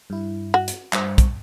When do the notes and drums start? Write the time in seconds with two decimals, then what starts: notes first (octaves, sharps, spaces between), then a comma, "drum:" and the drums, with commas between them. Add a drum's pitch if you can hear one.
0.10 G2 E4
0.54 F#4
0.68 drum: hi-hat
0.93 G2 C5 C#6, drum: clap
1.18 drum: kick, hi-hat